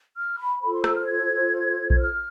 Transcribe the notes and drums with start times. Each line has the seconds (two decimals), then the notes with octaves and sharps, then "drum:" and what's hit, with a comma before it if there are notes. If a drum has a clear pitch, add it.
0.16 F6
0.39 B5
0.61 F4 A4 C5 B5
0.73 C6
0.84 E6, drum: rim click
0.96 F6
1.07 G#6
1.90 G#6, drum: kick A#1
1.99 F6